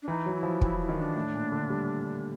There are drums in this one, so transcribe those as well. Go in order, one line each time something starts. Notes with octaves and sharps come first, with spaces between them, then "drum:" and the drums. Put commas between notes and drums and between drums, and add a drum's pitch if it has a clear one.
D4
E3 D#4
F#3
E4
F3
E3 E4, drum: kick
E4
D#3
D4
A2
A#2
D3
G3